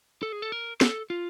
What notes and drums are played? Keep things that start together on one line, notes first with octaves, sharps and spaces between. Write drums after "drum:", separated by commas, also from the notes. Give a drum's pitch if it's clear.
A4
G#4
A4
A#4
A4, drum: snare
F4